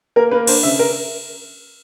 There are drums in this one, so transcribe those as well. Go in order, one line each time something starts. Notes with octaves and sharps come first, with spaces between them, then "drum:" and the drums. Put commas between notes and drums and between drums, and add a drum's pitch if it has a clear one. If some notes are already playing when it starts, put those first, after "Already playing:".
A#3 A#4
A#3 B4
D4 C5, drum: cymbal
C#3 E5
A#4